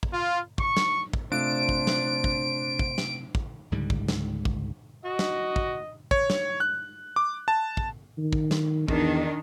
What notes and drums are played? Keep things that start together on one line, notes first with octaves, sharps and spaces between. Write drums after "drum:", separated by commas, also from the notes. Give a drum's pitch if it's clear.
drum: kick
F4
C#6, drum: kick
drum: snare
drum: kick
C3 A3 D4 F4 C5 D7
drum: kick
drum: snare
drum: kick
drum: kick
drum: snare
drum: kick
C#2 G#2 D3 G3
drum: kick
drum: snare
drum: kick
F#4 D#5
drum: snare
drum: kick
C#5, drum: kick
drum: snare
F#6
D6
A5
drum: kick
D#3
drum: kick
drum: snare
E2 D#3 D4, drum: kick